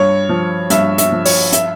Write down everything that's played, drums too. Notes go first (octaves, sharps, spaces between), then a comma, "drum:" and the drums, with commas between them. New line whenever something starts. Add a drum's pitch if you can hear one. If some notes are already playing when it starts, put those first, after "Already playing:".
Already playing: G2 C#5
F3
G2 E5, drum: hi-hat
E5, drum: hi-hat
F3
C#5, drum: open hi-hat
E5, drum: hi-hat